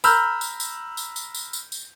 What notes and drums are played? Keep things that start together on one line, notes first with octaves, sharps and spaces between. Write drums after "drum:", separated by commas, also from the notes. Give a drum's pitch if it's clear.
A#5 B5 E6 F6 G6, drum: tambourine
drum: tambourine
drum: tambourine
drum: tambourine
drum: tambourine
drum: tambourine
drum: tambourine
drum: tambourine